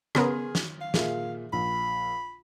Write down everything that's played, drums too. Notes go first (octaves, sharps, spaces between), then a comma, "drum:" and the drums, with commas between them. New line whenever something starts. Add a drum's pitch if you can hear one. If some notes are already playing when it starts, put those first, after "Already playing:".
C#3 B3 G#4 A#4 C6 D#6 F6, drum: rim click
drum: snare
F5
A#2 G#4 E5, drum: snare
A#1 B5